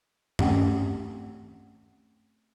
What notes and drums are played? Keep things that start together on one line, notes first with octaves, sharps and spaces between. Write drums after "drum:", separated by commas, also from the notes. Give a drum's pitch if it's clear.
A3 C4 C#4 G4 F#5 G5, drum: tom G2